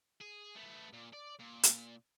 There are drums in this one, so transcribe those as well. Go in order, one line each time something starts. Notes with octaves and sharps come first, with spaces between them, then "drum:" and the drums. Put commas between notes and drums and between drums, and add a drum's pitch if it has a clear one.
G#4
A3 B3
A#2
D5
A#2
drum: hi-hat